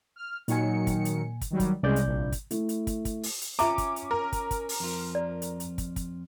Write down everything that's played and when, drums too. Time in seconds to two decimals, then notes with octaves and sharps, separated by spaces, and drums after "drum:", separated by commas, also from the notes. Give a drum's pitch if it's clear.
0.16 F6
0.48 A#2 D#3 F#3 G#5 C#7, drum: hi-hat
0.87 drum: kick, hi-hat
1.05 drum: hi-hat
1.41 drum: kick, hi-hat
1.51 D#3 F#3 G3
1.60 drum: kick, hi-hat
1.83 C2 C#3 G#3 D5 G6
1.96 drum: hi-hat
2.07 A#1
2.32 drum: kick, hi-hat
2.51 A3 E4, drum: hi-hat
2.69 drum: hi-hat
2.87 drum: kick, hi-hat
3.05 drum: kick, hi-hat
3.23 drum: open hi-hat
3.42 drum: hi-hat
3.59 C#4 F4 E5 A#5 D6, drum: hi-hat
3.78 drum: kick, hi-hat
3.96 drum: hi-hat
4.11 A#4
4.33 drum: kick, hi-hat
4.51 drum: kick, hi-hat
4.69 drum: open hi-hat
4.80 F2 F4
5.15 D5
5.42 drum: hi-hat
5.60 drum: hi-hat
5.78 drum: kick, hi-hat
5.96 drum: kick, hi-hat